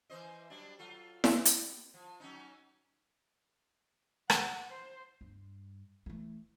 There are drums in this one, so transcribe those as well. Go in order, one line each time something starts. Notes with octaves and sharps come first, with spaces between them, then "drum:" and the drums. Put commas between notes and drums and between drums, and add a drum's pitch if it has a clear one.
E3 C5 D#5
F#3 G3 D4
F#3 F4 A4
G3, drum: snare E4
drum: hi-hat
F3
F#3 C#4 D#4
F#5, drum: rim click
C5
G2
E3 A3